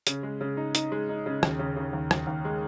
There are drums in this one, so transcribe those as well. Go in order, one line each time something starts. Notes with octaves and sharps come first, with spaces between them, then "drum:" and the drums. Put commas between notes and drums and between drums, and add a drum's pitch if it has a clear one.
C#3, drum: hi-hat
G#3
C#3
D#4
D#4, drum: hi-hat
G#3
D#4
C#3
D#2, drum: rim click
C#3
C#3
D#2
D#2, drum: rim click
D#2
G#3